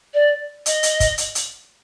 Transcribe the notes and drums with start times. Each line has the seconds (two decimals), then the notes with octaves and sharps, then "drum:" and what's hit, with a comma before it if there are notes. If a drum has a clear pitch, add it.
0.13 D5
0.66 D#5, drum: hi-hat
0.83 drum: hi-hat
1.00 drum: kick, hi-hat
1.18 drum: hi-hat
1.35 drum: hi-hat